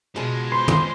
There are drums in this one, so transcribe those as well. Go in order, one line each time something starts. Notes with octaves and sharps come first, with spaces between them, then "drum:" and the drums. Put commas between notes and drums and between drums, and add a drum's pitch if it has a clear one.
B2 F3 G#3 G#4 A5
B4 C5 C6
drum: tom